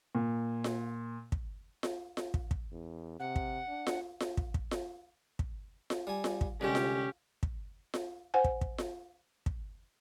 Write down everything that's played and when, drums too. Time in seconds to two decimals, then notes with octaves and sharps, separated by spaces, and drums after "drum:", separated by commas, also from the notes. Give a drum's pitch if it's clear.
0.15 A#2
0.64 drum: snare F4
1.32 drum: kick
1.83 drum: snare F4
2.17 drum: snare F4
2.34 drum: kick
2.51 drum: kick
2.72 E2
3.20 C3 F#5
3.36 drum: kick
3.68 D4
3.87 drum: snare F4
4.20 drum: snare F4
4.37 drum: kick
4.54 drum: kick
4.71 drum: snare F4
5.39 drum: kick
5.90 drum: snare F4
6.07 G3 G#5
6.24 drum: snare F4
6.41 drum: kick
6.61 C2 D3 G#3 C#4 G4
6.75 drum: snare F4
7.43 drum: kick
7.94 drum: snare F4
8.34 C5 F#5 G#5
8.44 drum: kick
8.61 drum: kick
8.78 drum: snare F4
9.46 drum: kick